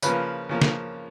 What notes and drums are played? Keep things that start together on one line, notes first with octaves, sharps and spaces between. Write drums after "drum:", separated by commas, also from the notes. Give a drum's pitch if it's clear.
C#3 F3 A#3 B4, drum: tambourine
C#3 F3 A#3
drum: snare